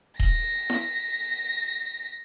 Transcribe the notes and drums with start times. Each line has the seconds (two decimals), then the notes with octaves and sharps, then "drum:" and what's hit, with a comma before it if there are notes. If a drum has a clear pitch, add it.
0.19 A#6 B6, drum: kick D#1
0.70 drum: snare E4